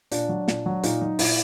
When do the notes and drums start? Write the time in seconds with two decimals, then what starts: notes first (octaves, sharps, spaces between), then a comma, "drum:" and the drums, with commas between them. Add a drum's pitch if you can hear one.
0.11 A#2 D4, drum: hi-hat
0.29 F#3
0.48 A#2, drum: snare
0.66 F#3
0.83 A#2 D#4, drum: hi-hat
1.01 F#3 D#4
1.19 A#2 E4, drum: open hi-hat